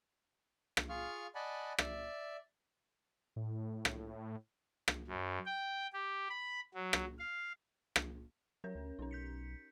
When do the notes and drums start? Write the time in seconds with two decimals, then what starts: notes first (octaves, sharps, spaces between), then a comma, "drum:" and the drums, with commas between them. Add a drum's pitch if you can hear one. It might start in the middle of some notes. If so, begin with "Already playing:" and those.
0.77 drum: rim click
0.89 F4 G#4 F5 C#6 F6
1.35 D5 D#5 F#5 G#5 A5 B5
1.78 D5 E5, drum: rim click
3.36 A2
3.85 drum: rim click
4.88 drum: rim click
5.07 F#2
5.46 G5
5.93 G4
6.30 B5
6.74 F#3
6.93 drum: rim click
7.19 F5
7.96 drum: rim click
8.64 F#3 C#4 A#4 C#5
8.75 D2
8.99 B1 C#4 D#4
9.11 G6 B6 C#7